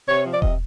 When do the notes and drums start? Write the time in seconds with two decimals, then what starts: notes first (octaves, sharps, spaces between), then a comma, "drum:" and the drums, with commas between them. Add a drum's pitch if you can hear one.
0.08 C3 C#5
0.25 F3
0.34 D5
0.42 C3 D#5, drum: kick E1